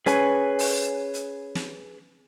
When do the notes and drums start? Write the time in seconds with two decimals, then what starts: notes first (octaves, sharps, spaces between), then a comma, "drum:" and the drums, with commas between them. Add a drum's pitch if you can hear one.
0.06 C#4 G#4 B4 G#5, drum: hi-hat
0.59 drum: open hi-hat
1.14 drum: hi-hat
1.55 drum: snare